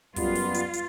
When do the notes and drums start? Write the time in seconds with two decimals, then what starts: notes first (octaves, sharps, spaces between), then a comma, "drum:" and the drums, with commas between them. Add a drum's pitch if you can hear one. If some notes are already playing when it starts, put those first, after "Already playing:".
0.16 F#2 G3 B3 F4, drum: kick, open hi-hat
0.35 drum: open hi-hat
0.54 drum: hi-hat
0.73 drum: hi-hat